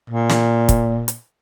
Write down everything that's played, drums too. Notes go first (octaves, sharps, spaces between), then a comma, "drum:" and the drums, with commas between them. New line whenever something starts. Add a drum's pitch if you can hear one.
A#2
drum: snare
drum: kick, hi-hat
drum: hi-hat